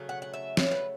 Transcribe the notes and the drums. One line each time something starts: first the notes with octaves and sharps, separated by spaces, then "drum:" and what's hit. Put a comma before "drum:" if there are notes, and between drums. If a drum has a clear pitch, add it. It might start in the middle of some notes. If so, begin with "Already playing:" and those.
Already playing: C#3 F#3 A3
F#5
F#5
E5
C#5, drum: snare
B4